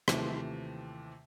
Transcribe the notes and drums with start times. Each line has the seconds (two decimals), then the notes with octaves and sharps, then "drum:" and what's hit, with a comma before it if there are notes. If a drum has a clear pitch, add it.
0.08 D#2 C3 E3 F3 A3, drum: rim click